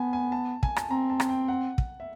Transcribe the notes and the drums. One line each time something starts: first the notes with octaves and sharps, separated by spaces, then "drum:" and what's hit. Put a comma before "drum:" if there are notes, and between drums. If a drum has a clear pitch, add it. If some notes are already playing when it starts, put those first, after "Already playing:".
Already playing: B3 G#5 A5
G#5
A5
G#5, drum: kick
A5, drum: rim click
C4 A#5
A5
drum: rim click
G5
F#5
drum: kick
E5